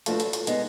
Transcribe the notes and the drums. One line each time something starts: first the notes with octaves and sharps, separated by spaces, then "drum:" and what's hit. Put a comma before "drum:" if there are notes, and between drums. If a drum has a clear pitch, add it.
F3 A3 D4 F#4 B4, drum: hi-hat
drum: hi-hat
drum: hi-hat
G#3 B3 D#4 G#4, drum: hi-hat